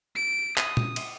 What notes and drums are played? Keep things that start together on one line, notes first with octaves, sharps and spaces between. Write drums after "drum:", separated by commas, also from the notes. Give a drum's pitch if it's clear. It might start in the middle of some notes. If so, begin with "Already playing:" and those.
D7
D#6, drum: clap
drum: tom
drum: cymbal